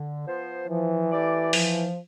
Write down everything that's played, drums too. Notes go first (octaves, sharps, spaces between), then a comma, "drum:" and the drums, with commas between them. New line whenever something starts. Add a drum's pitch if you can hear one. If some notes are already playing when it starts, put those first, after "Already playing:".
Already playing: D3
F3 B3 F4 C5
E3 F3
A3 E4 G4 D5
F3, drum: open hi-hat